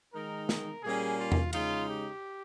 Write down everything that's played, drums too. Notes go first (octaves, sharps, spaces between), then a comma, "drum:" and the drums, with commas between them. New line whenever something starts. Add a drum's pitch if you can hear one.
D#3 G#3 D#4 A#4
A#4, drum: snare
A#2 G3 A#3 C#4 G#4
F4
drum: tom E2
C#3 G#3 D#4 F4, drum: cymbal
G4